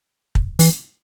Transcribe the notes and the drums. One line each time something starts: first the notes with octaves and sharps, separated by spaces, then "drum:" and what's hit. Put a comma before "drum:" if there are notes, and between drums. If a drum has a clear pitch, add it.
drum: kick
E3, drum: open hi-hat